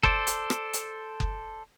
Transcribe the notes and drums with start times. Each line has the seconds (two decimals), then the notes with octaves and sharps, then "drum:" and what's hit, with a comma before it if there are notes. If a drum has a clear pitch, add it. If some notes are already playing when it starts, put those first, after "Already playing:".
0.03 A4 C5 D5, drum: kick F#1
0.27 drum: hi-hat
0.50 drum: rim click
0.73 drum: hi-hat
1.20 drum: kick F#1